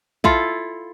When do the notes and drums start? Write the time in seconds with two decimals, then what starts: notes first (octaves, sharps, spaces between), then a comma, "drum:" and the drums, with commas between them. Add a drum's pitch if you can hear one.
0.24 E4 F4 A4, drum: kick